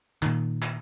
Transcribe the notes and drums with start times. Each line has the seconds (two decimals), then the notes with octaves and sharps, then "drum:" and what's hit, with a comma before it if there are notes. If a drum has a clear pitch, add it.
0.22 A#2 D#3, drum: clap
0.62 drum: clap